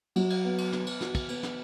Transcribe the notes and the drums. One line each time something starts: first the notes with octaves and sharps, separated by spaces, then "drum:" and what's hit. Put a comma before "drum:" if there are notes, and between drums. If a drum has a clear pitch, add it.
F#3, drum: cymbal
drum: cymbal
B3
drum: cymbal
B3, drum: snare
drum: cymbal
F#4, drum: snare
drum: kick, cymbal
B3, drum: cymbal
drum: snare